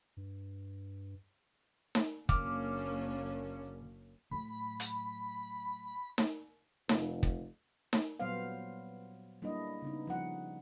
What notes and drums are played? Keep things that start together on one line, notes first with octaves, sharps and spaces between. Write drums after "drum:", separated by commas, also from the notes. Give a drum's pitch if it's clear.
G2
drum: snare D#4
F#1 A#3 C#4 D4 D6 F6, drum: kick
A2 F#3 B5
drum: hi-hat
drum: snare D#4
F1, drum: snare D#4
drum: kick
drum: snare D#4
A#2 F#3 G3 B3 C5 F5
G3 A#3 D4 E4 D#5
C#3 B3 D#4
F3 G3 F#5